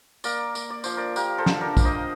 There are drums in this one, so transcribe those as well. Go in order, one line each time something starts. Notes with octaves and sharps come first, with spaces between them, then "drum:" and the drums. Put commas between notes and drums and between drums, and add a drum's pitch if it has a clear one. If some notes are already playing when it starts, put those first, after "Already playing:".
A#3 A#4 D5, drum: tambourine
A#3, drum: tambourine
D5
F3 C5, drum: tambourine
A#4 D5
A#3 G4 A#4, drum: tambourine
A4 C5
D3, drum: snare
A#4 D5
A#3 D5, drum: kick, tambourine
C5 D#5